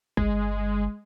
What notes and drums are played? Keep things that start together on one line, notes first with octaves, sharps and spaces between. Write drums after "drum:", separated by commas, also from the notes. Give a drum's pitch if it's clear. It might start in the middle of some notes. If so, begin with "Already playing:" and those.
G1 G#3, drum: kick